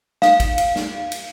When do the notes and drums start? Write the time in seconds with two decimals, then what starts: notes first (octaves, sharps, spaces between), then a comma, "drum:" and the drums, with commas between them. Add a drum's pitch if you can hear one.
0.22 F5, drum: snare
0.40 drum: kick, cymbal
0.58 drum: cymbal
0.76 drum: snare
1.12 drum: cymbal